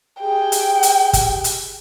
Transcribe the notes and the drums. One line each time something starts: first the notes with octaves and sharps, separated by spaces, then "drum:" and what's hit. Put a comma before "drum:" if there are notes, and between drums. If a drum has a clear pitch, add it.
G4 G#4 G5
drum: hi-hat
drum: hi-hat
drum: kick, hi-hat
drum: hi-hat